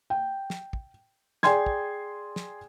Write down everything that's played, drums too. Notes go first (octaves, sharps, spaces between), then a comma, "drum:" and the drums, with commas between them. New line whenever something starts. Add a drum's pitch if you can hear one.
G5
drum: snare
drum: kick
G#4 D5 G5 G#5 C6 G#6, drum: snare
drum: kick
drum: snare